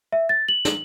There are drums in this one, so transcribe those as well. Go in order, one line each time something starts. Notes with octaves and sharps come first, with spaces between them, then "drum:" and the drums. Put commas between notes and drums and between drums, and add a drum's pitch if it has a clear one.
E5
A6
F#7
drum: snare